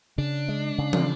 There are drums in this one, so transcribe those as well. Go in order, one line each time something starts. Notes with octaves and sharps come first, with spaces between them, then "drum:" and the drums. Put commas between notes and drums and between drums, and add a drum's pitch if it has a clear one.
C#3 D4
G#3
C#3
drum: tom